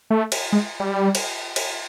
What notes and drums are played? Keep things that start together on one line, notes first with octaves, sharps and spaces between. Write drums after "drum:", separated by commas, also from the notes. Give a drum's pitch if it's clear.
A3
drum: cymbal
G#3
G3
drum: cymbal
drum: cymbal